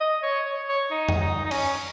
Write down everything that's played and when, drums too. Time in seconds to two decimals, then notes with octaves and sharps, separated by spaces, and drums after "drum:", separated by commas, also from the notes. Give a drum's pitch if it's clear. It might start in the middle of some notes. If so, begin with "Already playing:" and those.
0.01 D#5
0.23 C#5
0.46 C#5
0.69 C#5
0.91 D#4
1.09 drum: tom F2
1.21 D#4
1.46 D#4
1.51 C#4, drum: cymbal